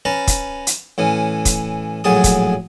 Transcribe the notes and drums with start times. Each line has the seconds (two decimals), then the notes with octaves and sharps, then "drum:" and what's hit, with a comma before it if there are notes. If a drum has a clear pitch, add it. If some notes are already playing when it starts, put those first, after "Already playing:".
0.05 C#4 B4 A5 A#5
0.27 drum: kick, hi-hat
0.67 drum: hi-hat
0.98 A2 E3 C#4
1.45 drum: kick, hi-hat
2.04 A#1 A2 F#3 G#4 A5 D#6
2.24 drum: kick, hi-hat